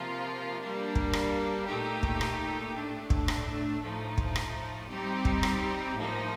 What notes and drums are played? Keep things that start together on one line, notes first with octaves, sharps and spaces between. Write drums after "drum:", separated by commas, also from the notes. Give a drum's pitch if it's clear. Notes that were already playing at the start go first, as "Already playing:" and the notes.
Already playing: C3 F3 A#3 F4
G3 A#3 D4
drum: kick
drum: rim click
A#2 A3 D#4 G4
drum: kick
drum: rim click
A2 A3 D4
drum: kick
drum: rim click
A2 F3 A3 D#4
drum: kick
drum: rim click
G3 C4 D#4 G4
drum: kick
drum: rim click
A2 F3 A#3 D#4